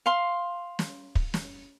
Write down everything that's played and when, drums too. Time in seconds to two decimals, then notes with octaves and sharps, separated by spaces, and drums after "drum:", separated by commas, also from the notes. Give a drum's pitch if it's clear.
0.06 F5 C6
0.79 drum: snare
1.15 drum: kick
1.34 drum: snare